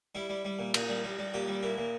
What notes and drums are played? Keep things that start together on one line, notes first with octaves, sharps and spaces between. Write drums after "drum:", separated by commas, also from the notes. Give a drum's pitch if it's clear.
G3 E4
G3
G3
A#2
A#2, drum: cymbal
G3
G3
G3
A#2 G4
G3
A#2 E4
A#2